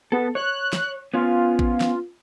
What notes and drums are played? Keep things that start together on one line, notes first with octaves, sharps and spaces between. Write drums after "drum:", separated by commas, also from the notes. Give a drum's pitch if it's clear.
B3 A4
C#5 F#6
drum: snare
B3 C#4 F4
drum: kick A1
drum: snare